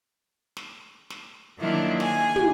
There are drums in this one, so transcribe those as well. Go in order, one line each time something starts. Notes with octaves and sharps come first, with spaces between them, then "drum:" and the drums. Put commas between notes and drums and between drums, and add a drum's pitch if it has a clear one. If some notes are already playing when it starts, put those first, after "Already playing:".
drum: snare
drum: snare
D#3 F#3 A#3 D4 E4 F4
G#4 G#5, drum: snare
drum: tom